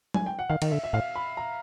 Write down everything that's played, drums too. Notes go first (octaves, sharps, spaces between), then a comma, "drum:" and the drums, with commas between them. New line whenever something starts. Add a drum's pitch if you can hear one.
G#5, drum: tom F#3
G5
F#5
D#3 F5
D#3, drum: cymbal
D3 E5
E5
A2 F5
B5
A#5